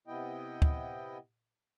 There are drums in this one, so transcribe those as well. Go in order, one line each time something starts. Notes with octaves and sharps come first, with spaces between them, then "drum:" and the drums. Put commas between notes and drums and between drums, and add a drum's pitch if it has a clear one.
C3 B3 E4 D#5 G5
drum: kick